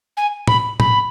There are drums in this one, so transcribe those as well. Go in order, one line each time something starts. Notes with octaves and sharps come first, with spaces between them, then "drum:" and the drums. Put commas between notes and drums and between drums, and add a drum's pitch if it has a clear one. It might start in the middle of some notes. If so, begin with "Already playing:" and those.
G#5
B5, drum: tom A2
B5, drum: tom A2